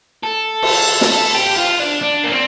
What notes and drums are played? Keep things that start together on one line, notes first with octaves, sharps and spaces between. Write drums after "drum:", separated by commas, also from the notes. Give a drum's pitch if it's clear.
A4
drum: cymbal
drum: snare
A4
G4
F4
D4
D4
A#3
C4